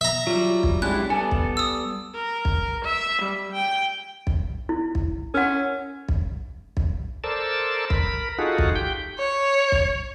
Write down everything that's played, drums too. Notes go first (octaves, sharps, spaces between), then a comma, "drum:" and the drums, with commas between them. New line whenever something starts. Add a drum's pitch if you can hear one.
E5 A#5
F#3 G3 F4
drum: kick
G3 G#3 C#4 D4 E4 F#6
G3 B3 A4 G#5
drum: kick
D#6 E6
A#4
drum: kick
E5
G3
G5
drum: kick
E4
drum: kick
C#4 A#4 F#5
drum: kick
drum: kick
A4 A#4 C5 D5 A5 E6
A#4 B5, drum: kick
D#4 F4 F#4 G#4 A4 F#5
drum: kick
G4 G5 G6
C#5
drum: kick